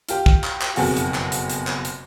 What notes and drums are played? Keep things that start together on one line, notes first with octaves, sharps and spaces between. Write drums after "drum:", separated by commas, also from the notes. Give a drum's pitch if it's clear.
F4 G4, drum: hi-hat
drum: kick
drum: clap
drum: clap
F#1 F2 B2 F#4 G#4, drum: open hi-hat
drum: hi-hat
drum: clap
drum: hi-hat
drum: hi-hat
drum: clap
drum: hi-hat